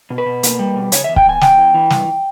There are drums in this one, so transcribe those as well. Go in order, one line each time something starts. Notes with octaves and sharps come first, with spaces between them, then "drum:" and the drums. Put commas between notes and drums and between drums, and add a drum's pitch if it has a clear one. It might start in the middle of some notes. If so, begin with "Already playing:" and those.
B2
B4
B2
A#3, drum: hi-hat
G3
B2
C#3 C#5, drum: hi-hat
E2 E5
G5, drum: kick
E2 G#5
E2 G5, drum: snare
E3
E3
G2, drum: snare